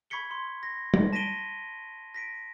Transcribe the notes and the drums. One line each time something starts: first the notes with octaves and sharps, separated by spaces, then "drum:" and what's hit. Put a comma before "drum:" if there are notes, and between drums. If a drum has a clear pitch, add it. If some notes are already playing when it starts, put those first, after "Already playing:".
B5 C#6 G#6 B6 C#7 G7
C6
A#6
drum: tom G3
A5 A#6 B6 D7 D#7 G7
A#6 B6 D7 D#7